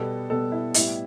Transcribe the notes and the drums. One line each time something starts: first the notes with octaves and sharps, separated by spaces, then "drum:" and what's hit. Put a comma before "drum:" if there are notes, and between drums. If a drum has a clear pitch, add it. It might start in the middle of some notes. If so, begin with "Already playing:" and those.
Already playing: B2 G3 B3 A4
B2 G3 B3 A4
E4
A2 G3 B3 E4, drum: hi-hat